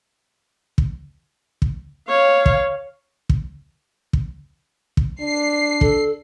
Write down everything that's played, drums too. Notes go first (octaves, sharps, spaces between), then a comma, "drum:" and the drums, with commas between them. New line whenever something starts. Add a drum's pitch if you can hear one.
drum: kick
drum: kick
C#5 F5
drum: kick
drum: kick
drum: kick
drum: kick
D4 C7
A4, drum: kick